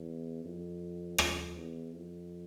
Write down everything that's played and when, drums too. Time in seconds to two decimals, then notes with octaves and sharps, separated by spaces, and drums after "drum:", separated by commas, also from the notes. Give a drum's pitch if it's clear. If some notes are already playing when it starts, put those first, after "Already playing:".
Already playing: E2
0.45 F2
1.18 F2, drum: rim click
1.56 E2
1.93 F2